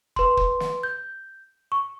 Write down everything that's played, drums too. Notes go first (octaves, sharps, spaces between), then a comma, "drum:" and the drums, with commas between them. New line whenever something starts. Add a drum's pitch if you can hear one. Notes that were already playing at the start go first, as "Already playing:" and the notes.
B4 C6, drum: kick
drum: kick
drum: snare
G6
C#6